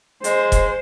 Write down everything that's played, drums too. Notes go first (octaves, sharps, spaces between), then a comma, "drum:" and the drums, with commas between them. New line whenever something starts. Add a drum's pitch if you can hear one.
G#3 C5, drum: hi-hat
drum: kick E1, hi-hat